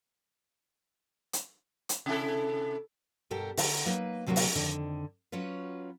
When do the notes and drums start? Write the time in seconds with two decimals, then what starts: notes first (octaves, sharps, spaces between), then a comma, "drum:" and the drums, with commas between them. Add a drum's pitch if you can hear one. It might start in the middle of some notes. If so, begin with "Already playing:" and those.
1.33 drum: hi-hat
1.89 drum: hi-hat
2.06 C3 E4 A4
3.31 G2 B2 G4 A4 A#4
3.57 D3 A#5, drum: open hi-hat
3.86 F#3 A#3 D#4 B4
4.27 D2 C3 F#3 A#3 B3 F#4
4.36 drum: open hi-hat
4.56 F2 D3 D#3
5.32 F#3 C#4 F4 B4